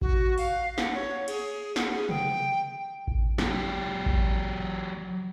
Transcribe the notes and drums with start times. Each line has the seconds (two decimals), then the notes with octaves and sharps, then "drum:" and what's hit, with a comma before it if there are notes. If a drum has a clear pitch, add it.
0.02 F#4, drum: kick A1
0.38 F5, drum: open hi-hat
0.78 F#5, drum: snare
0.94 C#5
1.28 G#4, drum: cymbal
1.76 F#5, drum: snare
1.93 G#4
2.09 G5, drum: tom C3
3.07 drum: kick A1
3.38 F#3 G4, drum: snare
4.06 drum: kick A1